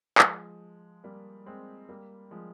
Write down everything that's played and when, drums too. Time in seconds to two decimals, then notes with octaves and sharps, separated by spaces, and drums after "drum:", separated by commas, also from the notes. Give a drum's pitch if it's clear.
0.18 F3 G#3, drum: clap
1.04 G3 A#3
1.46 G#3 C4
1.89 G3 A#3
2.31 F3 G#3